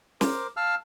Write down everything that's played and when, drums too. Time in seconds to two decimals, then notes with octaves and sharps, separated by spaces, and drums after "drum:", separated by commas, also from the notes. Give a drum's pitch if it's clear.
0.21 A#4 C5 D6, drum: snare
0.57 F5 A5 E6 F6